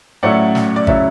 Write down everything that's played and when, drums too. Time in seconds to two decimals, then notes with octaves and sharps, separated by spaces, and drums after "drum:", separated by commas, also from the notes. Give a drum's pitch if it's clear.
0.23 A2 F#3 A3 C#4 E4 D5 F#5
0.55 drum: snare
0.76 D5
0.87 C#3 F#3 C#4 E4 E5, drum: kick G#1